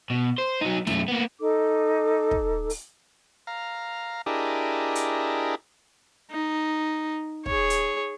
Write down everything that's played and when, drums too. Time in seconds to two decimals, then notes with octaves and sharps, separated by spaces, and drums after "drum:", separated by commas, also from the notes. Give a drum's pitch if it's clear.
0.10 B2
0.38 C5
0.61 F#3 D#4
0.87 F#2 A3, drum: snare
1.08 A#3 B3
1.40 D#4 A4 D6
2.31 drum: kick
2.70 drum: open hi-hat
3.47 F5 A#5
4.26 D4 E4 G4 G#4 A#4 D#5
4.95 drum: hi-hat
6.31 D#4
7.46 G#4 C#5, drum: kick
7.70 drum: hi-hat